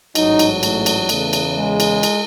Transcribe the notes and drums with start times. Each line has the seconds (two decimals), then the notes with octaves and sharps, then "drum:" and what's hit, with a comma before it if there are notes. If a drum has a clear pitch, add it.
0.15 A1 G#2 F#3 D#4, drum: cymbal
0.39 drum: cymbal
0.63 A3, drum: cymbal
0.86 drum: cymbal
1.09 E2 C#3 E3 A3, drum: cymbal
1.33 drum: cymbal
1.57 G#3
1.80 drum: cymbal
2.03 drum: cymbal